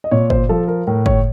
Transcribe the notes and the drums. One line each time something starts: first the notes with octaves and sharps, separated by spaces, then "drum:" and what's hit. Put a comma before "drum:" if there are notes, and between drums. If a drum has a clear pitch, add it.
D#5
A#2 C#5
C5, drum: kick
F3 A4
A#4
A2 A#4
C#5, drum: kick